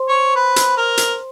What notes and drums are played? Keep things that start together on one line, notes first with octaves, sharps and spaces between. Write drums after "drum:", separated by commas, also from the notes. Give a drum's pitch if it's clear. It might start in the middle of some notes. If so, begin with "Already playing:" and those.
Already playing: C5 C6
C#5
B4
drum: hi-hat
A#4
drum: hi-hat